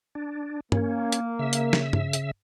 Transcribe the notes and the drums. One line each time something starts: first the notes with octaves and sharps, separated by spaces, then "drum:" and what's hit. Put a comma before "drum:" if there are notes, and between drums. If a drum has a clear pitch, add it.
D4
A#3 C#4, drum: tom G2
drum: hi-hat
C#3 E5
drum: hi-hat
drum: snare
drum: tom G2
drum: hi-hat